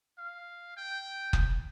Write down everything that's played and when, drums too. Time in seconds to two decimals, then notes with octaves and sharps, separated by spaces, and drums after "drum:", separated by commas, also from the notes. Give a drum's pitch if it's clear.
0.18 F5
0.77 G5
1.33 drum: kick F#1